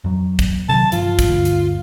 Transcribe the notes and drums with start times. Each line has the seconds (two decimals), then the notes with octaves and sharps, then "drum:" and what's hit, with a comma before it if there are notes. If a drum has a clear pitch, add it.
0.04 F2 F#3
0.39 drum: kick, hi-hat
0.69 C3 D#3 F#3 A5
0.92 G2 F3 F4, drum: hi-hat
1.19 drum: kick, hi-hat
1.29 D2 G2
1.45 drum: hi-hat